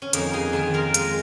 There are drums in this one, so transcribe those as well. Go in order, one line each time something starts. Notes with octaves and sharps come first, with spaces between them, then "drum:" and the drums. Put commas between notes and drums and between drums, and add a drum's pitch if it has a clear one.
C#4
F2 A#3 D#4, drum: hi-hat
D#4 G#4
D#3 F4 A#4
F4 A#4
G#3, drum: hi-hat